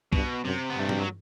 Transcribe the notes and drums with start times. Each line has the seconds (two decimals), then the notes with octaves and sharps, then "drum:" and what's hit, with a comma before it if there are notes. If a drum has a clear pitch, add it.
0.13 G2 B2, drum: kick B1
0.44 F#2 C3
0.70 B3
0.76 G2 A3
0.89 G3, drum: tom G2
0.99 F#3